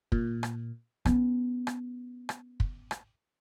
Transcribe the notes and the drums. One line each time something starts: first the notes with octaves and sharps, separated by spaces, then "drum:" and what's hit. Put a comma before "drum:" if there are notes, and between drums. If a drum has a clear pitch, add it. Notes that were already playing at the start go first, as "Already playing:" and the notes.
A#2, drum: kick
drum: rim click
B3 C#4, drum: rim click
drum: rim click
drum: rim click
drum: kick
drum: rim click